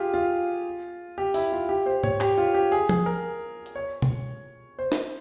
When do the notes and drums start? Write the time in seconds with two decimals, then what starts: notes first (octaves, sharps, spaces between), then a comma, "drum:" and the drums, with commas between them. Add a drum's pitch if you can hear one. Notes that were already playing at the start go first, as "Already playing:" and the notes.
Already playing: F4 G4 G#4
0.14 F4
1.18 G4
1.34 E4, drum: open hi-hat
1.52 F4
1.69 G4
1.86 C5
2.03 C#5, drum: tom G#2
2.21 G4, drum: clap
2.38 F4
2.54 G4
2.72 G#4
2.89 G#4, drum: tom F3
3.06 A#4
3.66 drum: hi-hat
3.75 C#5
4.02 drum: tom
4.79 C5
4.92 drum: snare